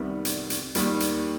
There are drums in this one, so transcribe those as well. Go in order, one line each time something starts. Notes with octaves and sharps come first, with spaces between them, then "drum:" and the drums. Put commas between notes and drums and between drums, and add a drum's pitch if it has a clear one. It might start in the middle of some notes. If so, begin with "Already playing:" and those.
Already playing: C2 C3 D#3 G3 B3
drum: hi-hat
drum: hi-hat
D#2 D#3 G3, drum: hi-hat
drum: hi-hat